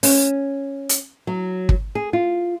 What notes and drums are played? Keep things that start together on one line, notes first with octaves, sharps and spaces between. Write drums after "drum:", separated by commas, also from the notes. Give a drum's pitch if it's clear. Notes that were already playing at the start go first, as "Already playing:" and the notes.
C#4, drum: open hi-hat
drum: hi-hat
F#3
drum: kick
G#4
F4